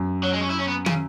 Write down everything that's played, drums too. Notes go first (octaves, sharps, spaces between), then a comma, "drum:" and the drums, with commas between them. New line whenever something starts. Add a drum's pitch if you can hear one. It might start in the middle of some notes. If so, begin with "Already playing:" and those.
Already playing: F#2
F#3
G#3
C#4
E4
C#4
B3
C#3, drum: tom